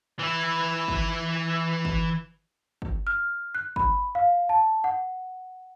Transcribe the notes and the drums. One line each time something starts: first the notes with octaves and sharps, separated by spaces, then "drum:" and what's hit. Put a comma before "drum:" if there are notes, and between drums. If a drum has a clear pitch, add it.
E3 E4
drum: kick
drum: kick
drum: kick
F6
F#6
B5, drum: kick
F5
A5
F#5